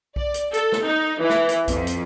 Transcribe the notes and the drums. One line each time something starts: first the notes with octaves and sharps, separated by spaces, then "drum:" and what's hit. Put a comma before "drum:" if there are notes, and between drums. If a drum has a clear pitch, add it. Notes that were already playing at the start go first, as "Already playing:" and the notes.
D5, drum: kick B1
drum: hi-hat
A4, drum: hi-hat
drum: snare
D#4
E3
drum: snare
drum: hi-hat
F2, drum: kick B1, hi-hat
drum: hi-hat